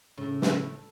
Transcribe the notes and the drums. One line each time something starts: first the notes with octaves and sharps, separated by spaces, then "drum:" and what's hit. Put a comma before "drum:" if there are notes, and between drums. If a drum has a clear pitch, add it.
A2 C#3
drum: snare